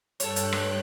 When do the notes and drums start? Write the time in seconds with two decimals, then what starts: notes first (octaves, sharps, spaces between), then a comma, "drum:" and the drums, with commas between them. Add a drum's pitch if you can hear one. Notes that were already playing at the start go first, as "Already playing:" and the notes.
0.20 G2 A4 C#5 G5 F#6, drum: hi-hat
0.36 drum: hi-hat
0.52 drum: rim click